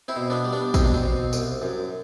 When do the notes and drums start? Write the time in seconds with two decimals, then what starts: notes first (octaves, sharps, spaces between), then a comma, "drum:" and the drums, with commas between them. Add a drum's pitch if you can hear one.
0.08 C4 E4
0.16 B2
0.30 B3 D4
0.45 G3
0.53 B3 D4
0.74 B2 C4, drum: kick, tambourine
0.84 D4
0.94 C4
1.04 B2
1.33 C2, drum: tambourine
1.62 F#2